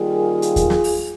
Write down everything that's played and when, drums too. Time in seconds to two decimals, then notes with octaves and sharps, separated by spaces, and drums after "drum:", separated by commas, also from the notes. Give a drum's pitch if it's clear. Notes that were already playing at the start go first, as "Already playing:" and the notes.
Already playing: D#3 G3 A#3 F4 G#4
0.42 drum: hi-hat
0.56 drum: kick D#2, hi-hat
0.70 drum: snare
0.84 drum: open hi-hat